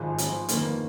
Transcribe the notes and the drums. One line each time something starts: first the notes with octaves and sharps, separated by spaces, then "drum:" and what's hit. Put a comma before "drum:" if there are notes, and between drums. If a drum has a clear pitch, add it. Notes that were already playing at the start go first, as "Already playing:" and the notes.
Already playing: G#1 G#2 F3 G#3
G#1 G#2 F3, drum: hi-hat
G1 F2 D#3 A#3, drum: hi-hat